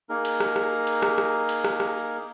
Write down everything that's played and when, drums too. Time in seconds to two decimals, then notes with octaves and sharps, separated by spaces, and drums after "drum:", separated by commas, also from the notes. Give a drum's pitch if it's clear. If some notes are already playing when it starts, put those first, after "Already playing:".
0.09 A#3 D#4 G#4 A#4
0.25 drum: cymbal
0.40 drum: rim click
0.56 drum: rim click
0.87 drum: cymbal
1.02 drum: rim click
1.18 drum: rim click
1.49 drum: cymbal
1.64 drum: rim click
1.80 drum: rim click